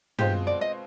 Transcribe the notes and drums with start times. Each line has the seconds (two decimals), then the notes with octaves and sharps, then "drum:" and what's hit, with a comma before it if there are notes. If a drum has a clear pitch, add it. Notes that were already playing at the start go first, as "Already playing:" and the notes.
0.18 B2 G#3 C4 F4 G4 C5, drum: tom
0.47 D5
0.61 D#5